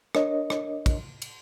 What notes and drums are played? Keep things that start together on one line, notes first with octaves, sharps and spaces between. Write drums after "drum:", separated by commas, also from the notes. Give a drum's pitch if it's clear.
D4 A#4 C#5 D#5, drum: rim click
drum: rim click
drum: kick, cymbal
drum: cymbal